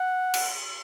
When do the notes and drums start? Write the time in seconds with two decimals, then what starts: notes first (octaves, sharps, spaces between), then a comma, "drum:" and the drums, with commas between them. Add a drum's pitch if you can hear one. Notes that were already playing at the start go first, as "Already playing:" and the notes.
Already playing: F#5
0.34 drum: cymbal